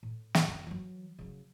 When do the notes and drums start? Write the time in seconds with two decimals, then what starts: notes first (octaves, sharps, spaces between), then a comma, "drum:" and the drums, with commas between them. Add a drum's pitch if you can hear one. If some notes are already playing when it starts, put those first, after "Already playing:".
0.03 A2
0.35 drum: snare
0.48 F2
0.67 E3 F#3
1.19 C#3 F#3